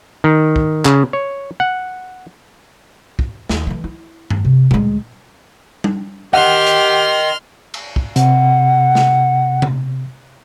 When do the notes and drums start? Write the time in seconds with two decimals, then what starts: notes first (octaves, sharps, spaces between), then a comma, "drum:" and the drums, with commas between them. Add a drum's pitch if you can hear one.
0.24 D#3
0.56 drum: kick
0.85 C#3, drum: clap
1.13 C#5
1.60 F#5
3.19 drum: kick
3.49 D#2, drum: snare
3.67 E3 A3
3.84 E4
4.30 drum: tom G2
4.45 C3
4.71 D2 G#3, drum: tom A#2
5.84 drum: tom G3
6.33 G4 A#4 D#5 F#5 C6 F6
6.67 drum: hi-hat
7.74 drum: cymbal
7.96 drum: kick
8.16 C3 F#5, drum: hi-hat
8.95 drum: snare
9.62 drum: tom C3